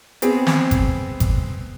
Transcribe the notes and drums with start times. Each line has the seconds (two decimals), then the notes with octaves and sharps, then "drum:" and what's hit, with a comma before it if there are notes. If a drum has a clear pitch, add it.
0.22 B3 C4 G#4, drum: hi-hat
0.47 drum: snare
0.71 drum: kick G#1, hi-hat
1.20 drum: kick G#1, hi-hat